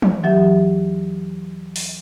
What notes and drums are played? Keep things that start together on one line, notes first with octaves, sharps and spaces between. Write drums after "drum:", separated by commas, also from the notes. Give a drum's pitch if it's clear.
drum: tom
D#2 E3 F#3 G4 E5
drum: open hi-hat